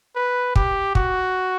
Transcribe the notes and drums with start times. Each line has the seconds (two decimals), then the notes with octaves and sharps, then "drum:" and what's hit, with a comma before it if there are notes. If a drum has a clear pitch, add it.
0.16 B4
0.56 G4, drum: kick
0.95 F#4, drum: kick